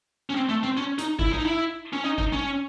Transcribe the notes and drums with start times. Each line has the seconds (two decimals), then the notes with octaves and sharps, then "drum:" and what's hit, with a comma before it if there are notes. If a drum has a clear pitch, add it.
0.30 C#4
0.35 C4
0.49 A3
0.63 C4
0.77 C#4
0.98 D#4, drum: hi-hat
1.19 E4, drum: kick A1
1.33 D#4
1.45 E4
1.93 C#4
2.04 D#4
2.18 D#4, drum: kick A1
2.33 C#4